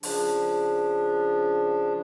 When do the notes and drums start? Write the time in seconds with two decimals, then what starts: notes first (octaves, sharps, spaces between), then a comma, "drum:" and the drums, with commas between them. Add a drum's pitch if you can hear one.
0.03 C#3 F3 D4, drum: open hi-hat